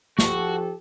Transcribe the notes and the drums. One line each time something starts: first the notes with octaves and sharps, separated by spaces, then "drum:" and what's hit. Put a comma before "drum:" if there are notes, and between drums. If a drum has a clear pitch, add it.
F3 F#4 G4 A4, drum: snare